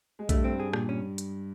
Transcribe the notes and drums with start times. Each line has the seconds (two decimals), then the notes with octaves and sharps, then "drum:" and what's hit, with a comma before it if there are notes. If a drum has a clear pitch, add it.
0.19 G#3
0.29 G2 G3 A3, drum: kick B1, hi-hat
0.44 C4
0.60 G#4
0.73 A#2, drum: rim click
0.89 C#4
1.18 drum: hi-hat